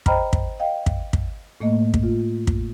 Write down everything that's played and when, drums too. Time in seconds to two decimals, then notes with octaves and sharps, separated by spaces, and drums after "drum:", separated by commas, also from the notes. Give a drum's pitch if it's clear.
0.06 C5 D#5 G5 A#5 B5 F6, drum: kick
0.33 drum: kick
0.60 D#5 F5 G5
0.86 drum: kick
1.13 drum: kick
1.61 A2 A3 A#3 D#5
1.94 drum: kick
2.03 F4
2.47 drum: kick